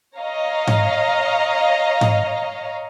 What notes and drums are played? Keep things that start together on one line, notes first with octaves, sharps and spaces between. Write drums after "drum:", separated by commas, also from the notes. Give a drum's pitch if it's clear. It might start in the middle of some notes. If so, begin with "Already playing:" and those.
C#5 D#5 F5 A#5
drum: tom G#2
drum: tom G#2